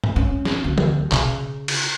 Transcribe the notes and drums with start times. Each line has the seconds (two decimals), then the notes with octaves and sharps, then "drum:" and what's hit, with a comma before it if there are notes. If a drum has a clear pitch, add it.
0.04 drum: tom G2
0.16 C#4
0.45 drum: snare
0.64 D2
0.78 drum: tom E3
1.12 C#3, drum: clap
1.68 drum: cymbal